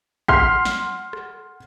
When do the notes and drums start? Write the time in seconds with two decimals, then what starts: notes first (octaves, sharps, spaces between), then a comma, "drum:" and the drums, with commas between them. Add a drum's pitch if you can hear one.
0.28 F#5 C6 F6 B6 C7, drum: kick
0.65 drum: snare
1.13 drum: rim click